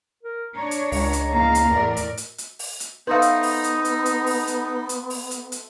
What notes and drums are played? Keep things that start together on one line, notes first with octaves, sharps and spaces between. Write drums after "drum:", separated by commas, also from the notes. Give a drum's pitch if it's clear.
A#4
D4 C#5 A#5
drum: hi-hat
C#2, drum: open hi-hat
drum: hi-hat
E2 A#3 F5 A#5
drum: hi-hat
E2 A2 A#4 D5
drum: hi-hat
drum: hi-hat
drum: hi-hat
drum: open hi-hat
drum: hi-hat
A3 B3 D#4 B4 C5 F5
drum: hi-hat
drum: open hi-hat
drum: hi-hat
drum: hi-hat
drum: hi-hat
drum: open hi-hat
drum: hi-hat
drum: hi-hat
drum: open hi-hat
drum: hi-hat
drum: hi-hat